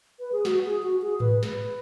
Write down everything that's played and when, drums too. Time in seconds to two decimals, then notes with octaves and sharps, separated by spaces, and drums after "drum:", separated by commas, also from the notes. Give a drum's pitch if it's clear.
0.19 B4
0.32 G#4
0.45 F#4, drum: snare
0.64 G#4
0.83 F#4
1.02 G#4
1.20 B4, drum: tom G#2
1.43 B4, drum: snare